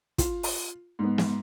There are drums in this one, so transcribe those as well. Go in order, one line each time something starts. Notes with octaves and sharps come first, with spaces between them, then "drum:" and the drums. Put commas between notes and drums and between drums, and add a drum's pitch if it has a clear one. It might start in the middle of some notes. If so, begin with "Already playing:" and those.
F4, drum: kick, hi-hat
drum: open hi-hat
G#2 B3
drum: snare